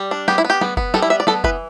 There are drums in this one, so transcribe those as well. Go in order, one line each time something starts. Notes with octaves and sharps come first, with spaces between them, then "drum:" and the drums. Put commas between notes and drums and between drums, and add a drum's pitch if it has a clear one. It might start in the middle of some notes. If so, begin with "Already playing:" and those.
Already playing: G3
D4
B3 G4, drum: snare
E4
B3
G4
B3, drum: snare
B3, drum: kick F#1
G3 A4, drum: snare
E4
B3 E5
D5
B3 A4, drum: snare
E3 B4, drum: kick F#1